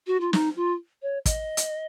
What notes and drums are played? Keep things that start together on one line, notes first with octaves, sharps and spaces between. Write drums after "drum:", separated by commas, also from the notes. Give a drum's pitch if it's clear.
F#4
F4
D#4, drum: snare
F4
C#5
D#5, drum: kick, hi-hat
drum: hi-hat